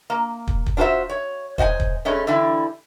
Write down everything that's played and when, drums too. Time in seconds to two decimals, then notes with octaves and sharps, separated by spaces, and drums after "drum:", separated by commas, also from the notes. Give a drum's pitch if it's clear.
0.10 A#3
0.47 drum: kick
0.66 drum: kick
0.77 D4 F4 F#4 A4 C5 E5
1.09 C#5
1.58 C5 D#5 F#5 G#5, drum: kick
1.80 drum: kick
2.05 G2 G#3 A3 C#4
2.27 D3 E3 G3 E4